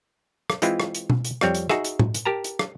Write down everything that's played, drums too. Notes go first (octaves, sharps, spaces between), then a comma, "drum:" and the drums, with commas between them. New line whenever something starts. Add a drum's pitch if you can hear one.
drum: rim click
E3 G#3 C4 E4 F4, drum: hi-hat
drum: rim click
drum: hi-hat
drum: tom
drum: hi-hat
F2 G3 C4 C#5, drum: rim click
drum: hi-hat
D#4 F#4 G#4 E5, drum: rim click
drum: hi-hat
drum: tom A2
drum: hi-hat
G4 A#4 A5 A#5
drum: hi-hat
drum: rim click